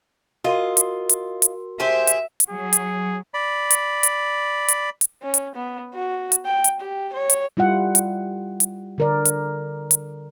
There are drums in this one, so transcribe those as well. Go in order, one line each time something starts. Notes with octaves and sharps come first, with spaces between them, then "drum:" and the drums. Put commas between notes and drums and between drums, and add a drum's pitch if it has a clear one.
F4 F#4 A#4 D#5 C6
drum: hi-hat
drum: hi-hat
drum: hi-hat
G4 G#4 C5 E5
drum: hi-hat
drum: hi-hat
F#3 G#4
drum: hi-hat
D5 B5
drum: hi-hat
drum: hi-hat
drum: hi-hat
drum: hi-hat
C#4
drum: hi-hat
B3
F#4
drum: hi-hat
G5
drum: hi-hat
G4
C#5
drum: hi-hat
G3 E4 F4 F#5
drum: hi-hat
drum: hi-hat
D3 A#4 D5
drum: hi-hat
drum: hi-hat